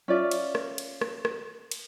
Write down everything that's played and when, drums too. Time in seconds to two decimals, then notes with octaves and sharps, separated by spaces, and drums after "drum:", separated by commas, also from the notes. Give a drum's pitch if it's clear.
0.08 C#4 F4 D5 E5
0.31 drum: cymbal
0.55 drum: rim click
0.78 drum: cymbal
1.01 drum: rim click
1.25 drum: rim click
1.71 drum: cymbal